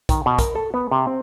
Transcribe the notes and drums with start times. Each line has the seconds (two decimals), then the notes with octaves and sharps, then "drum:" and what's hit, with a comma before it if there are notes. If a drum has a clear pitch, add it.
0.09 D#3, drum: kick B1, hi-hat
0.26 B2
0.39 A#4, drum: kick B1, hi-hat
0.55 A4
0.74 B3
0.91 C3
1.07 C4